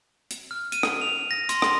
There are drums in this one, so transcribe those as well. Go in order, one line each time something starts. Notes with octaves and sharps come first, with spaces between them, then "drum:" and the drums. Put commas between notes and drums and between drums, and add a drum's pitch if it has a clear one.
drum: hi-hat
F6
D#7, drum: hi-hat
drum: rim click
F7
A#6
C6, drum: hi-hat
drum: rim click